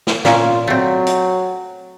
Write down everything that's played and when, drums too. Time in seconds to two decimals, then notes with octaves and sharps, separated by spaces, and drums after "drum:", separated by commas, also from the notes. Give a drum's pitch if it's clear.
0.07 drum: snare
0.25 A#2 C#4 F4, drum: snare
0.67 F#3 A3 C4
1.07 drum: hi-hat